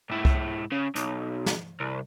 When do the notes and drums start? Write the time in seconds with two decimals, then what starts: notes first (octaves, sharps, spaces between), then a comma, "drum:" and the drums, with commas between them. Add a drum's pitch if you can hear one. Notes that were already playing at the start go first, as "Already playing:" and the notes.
0.10 G#2 E4
0.25 drum: kick C2
0.72 C#3
0.96 B1, drum: hi-hat
1.46 drum: snare
1.80 C2